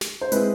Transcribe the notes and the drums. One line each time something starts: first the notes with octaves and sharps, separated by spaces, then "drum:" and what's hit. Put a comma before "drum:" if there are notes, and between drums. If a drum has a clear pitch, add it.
drum: snare
C5
G#3 C4 E4 G#4 B4, drum: hi-hat